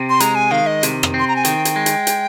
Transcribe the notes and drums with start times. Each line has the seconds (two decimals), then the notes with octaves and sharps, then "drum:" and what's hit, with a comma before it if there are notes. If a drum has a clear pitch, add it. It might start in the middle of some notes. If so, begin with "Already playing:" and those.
Already playing: C3 C4
0.10 C6
0.20 G#3 A#5, drum: hi-hat
0.35 G#5
0.51 D#3 F5
0.67 D#5
0.83 C3, drum: hi-hat
1.03 drum: rim click
1.14 C4
1.19 C6
1.28 A#5
1.36 G#5
1.45 D#3 G5, drum: hi-hat
1.65 drum: hi-hat
1.76 G#3
1.86 drum: hi-hat
2.07 drum: hi-hat